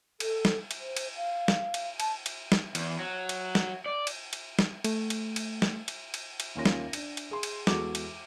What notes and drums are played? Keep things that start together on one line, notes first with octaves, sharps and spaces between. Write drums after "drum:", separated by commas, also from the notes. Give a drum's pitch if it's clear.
A4, drum: cymbal
drum: snare
drum: cymbal
C5
drum: cymbal
F5
drum: snare
drum: cymbal
A5, drum: cymbal
drum: cymbal
drum: snare
E2, drum: cymbal
F#3
drum: cymbal
drum: snare
D5
drum: cymbal
drum: cymbal
drum: snare
A3, drum: cymbal
drum: cymbal
drum: cymbal
drum: snare
drum: cymbal
drum: cymbal
drum: cymbal
D#2 A#3 C#4 F4 A#6
drum: snare
D4, drum: cymbal
drum: cymbal
G#4 C6
drum: cymbal
E2 G#3 F#4 A4 D6, drum: snare
drum: cymbal